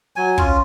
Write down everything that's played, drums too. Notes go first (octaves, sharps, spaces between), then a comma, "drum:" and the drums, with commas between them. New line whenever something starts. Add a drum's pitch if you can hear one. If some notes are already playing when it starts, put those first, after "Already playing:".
F#3 G#5
C#4 F4, drum: kick